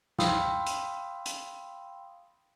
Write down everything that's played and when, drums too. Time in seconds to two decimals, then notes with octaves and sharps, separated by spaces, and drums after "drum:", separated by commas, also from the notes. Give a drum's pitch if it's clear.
0.19 F5 G5 B5 C6 D#6 E6, drum: snare
0.66 drum: hi-hat
1.26 drum: hi-hat